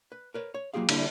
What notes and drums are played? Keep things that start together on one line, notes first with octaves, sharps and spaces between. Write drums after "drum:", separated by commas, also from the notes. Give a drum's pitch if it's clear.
B4
A#4 B4 C#5
C#5
F#3 A#3 F4 G4 G#4 F5
D3 G3 A#3 D4 E4, drum: cymbal